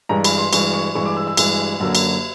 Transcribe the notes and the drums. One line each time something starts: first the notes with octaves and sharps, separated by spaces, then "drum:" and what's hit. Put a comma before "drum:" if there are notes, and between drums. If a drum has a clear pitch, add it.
G2 E3 G#3 A#5
B5, drum: cymbal
C6
G2 E3 G#3 C#6, drum: cymbal
C#6
G2 E3 G#3 C#6
D6
E6
E6
G2 E3 G#3, drum: cymbal
F#2 D3 F#3 A#3 E6
drum: cymbal